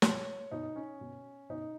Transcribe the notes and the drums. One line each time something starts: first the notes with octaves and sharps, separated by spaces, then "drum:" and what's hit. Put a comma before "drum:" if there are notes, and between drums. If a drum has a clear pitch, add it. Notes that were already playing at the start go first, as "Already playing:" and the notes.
B2 C#5, drum: snare
B2 D#4
C#4
B2
B2 D#4